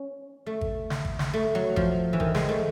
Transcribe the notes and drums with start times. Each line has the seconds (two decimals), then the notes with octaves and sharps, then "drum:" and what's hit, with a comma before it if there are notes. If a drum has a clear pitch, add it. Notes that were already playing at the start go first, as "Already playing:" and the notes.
Already playing: C#4
0.46 A3
0.61 drum: kick G#1
0.90 drum: snare
1.05 drum: kick G#1
1.19 drum: snare
1.34 A3
1.55 F#3
1.76 F3, drum: kick G#1
2.13 E3
2.20 D#3, drum: kick G#1
2.35 G#3, drum: snare
2.49 A3